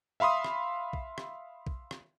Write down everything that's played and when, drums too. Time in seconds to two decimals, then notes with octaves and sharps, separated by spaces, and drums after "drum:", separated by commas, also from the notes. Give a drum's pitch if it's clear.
0.20 E5 F5 B5 C6 D#6
0.44 drum: rim click
0.93 drum: kick
1.18 drum: rim click
1.67 drum: kick
1.91 drum: rim click